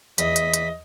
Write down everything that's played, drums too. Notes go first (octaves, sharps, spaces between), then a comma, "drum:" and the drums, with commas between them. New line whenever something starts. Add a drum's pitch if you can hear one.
E2 D#5 B6, drum: hi-hat
drum: hi-hat
drum: hi-hat